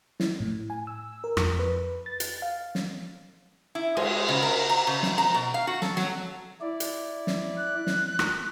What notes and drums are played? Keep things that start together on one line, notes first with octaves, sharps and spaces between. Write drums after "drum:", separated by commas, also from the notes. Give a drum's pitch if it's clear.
E4, drum: snare
A2
G#5
E6
A#4
F2, drum: rim click
B4
A6
drum: hi-hat
F5
drum: snare
E4
G#3, drum: cymbal
C#3
A#4
A#5
C#3
drum: snare
A#5
B2
F5
F#4
A4, drum: snare
F#3, drum: snare
E4 D5
drum: hi-hat
drum: snare
F#6
drum: snare
drum: rim click